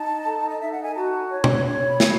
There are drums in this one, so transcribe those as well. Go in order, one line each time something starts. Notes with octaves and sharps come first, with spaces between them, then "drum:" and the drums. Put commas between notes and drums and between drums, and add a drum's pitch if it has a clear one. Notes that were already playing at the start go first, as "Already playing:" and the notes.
Already playing: D#4 A5
A4
D#5
D#4 E5
F#5
G#5
F#4 A5
C#5
drum: tom B2
C#5
B5
F#4, drum: snare